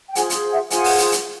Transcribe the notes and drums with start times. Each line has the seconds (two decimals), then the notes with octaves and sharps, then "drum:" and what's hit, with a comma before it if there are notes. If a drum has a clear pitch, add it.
0.09 G5
0.15 F4 G#4 C5 F#5 G#5, drum: hi-hat
0.30 drum: hi-hat
0.52 E5 F#5
0.70 F4 G#4 C5 F#5 G#5, drum: hi-hat
0.84 drum: open hi-hat
0.98 drum: hi-hat
1.11 drum: hi-hat